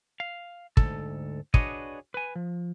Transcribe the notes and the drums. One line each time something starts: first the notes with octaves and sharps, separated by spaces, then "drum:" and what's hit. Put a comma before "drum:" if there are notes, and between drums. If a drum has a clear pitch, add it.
F5
D2 G#2 A4, drum: kick
D4 F#4 G#4 B4 C#5 D#5, drum: kick
B4 G#5
F3